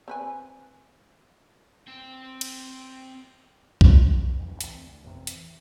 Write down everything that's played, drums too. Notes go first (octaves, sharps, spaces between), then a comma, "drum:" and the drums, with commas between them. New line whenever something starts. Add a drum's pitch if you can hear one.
C4 B4 G#5
C4 G5
drum: cymbal
drum: kick B1
F2 G#2 F#3
E1 A1 F2 G#2
E2 E3 F3 C4, drum: hi-hat
D2
A1 F2 C3 C4
E3, drum: hi-hat